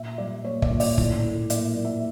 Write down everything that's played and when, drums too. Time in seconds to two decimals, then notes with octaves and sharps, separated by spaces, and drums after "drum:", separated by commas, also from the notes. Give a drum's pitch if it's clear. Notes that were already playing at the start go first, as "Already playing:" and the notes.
Already playing: A#2 E5
0.18 G3 D5
0.45 A#3 C#5
0.62 D5, drum: kick
0.71 A#2
0.80 D5, drum: open hi-hat
0.98 A2, drum: kick
1.24 A2
1.50 A#3 D5, drum: hi-hat
1.76 A#3
1.85 E5